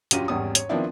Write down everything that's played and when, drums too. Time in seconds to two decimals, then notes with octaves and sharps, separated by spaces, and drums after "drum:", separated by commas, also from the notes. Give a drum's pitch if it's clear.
0.11 A#1 F#2 F#3 F4 G4 D#7, drum: hi-hat
0.28 G#1 E2 G3 C#4 D#6
0.55 C#5, drum: hi-hat
0.69 D#3 F3 B3 C4 D4 E4